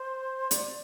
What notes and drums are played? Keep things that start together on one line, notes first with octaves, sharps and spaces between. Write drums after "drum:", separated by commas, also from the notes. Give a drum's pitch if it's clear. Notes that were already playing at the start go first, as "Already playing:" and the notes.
Already playing: C5
D5, drum: hi-hat